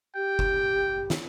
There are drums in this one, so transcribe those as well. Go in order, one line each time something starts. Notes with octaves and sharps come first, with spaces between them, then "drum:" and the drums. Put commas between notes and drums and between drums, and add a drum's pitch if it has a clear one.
G4 G5
drum: kick F#1
drum: snare